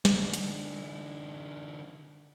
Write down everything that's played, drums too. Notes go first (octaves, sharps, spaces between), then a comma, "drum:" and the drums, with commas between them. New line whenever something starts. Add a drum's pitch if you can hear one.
D3 E3, drum: snare
drum: hi-hat